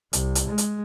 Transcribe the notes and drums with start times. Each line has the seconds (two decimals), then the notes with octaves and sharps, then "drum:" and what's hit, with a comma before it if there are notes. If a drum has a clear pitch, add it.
0.13 C2, drum: hi-hat
0.35 drum: hi-hat
0.48 G#3
0.58 drum: hi-hat